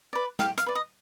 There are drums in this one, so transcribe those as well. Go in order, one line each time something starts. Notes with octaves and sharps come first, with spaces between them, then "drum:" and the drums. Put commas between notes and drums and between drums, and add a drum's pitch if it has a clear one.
B4 D5
G4 F5, drum: snare
F5, drum: hi-hat
B4 D5
D#5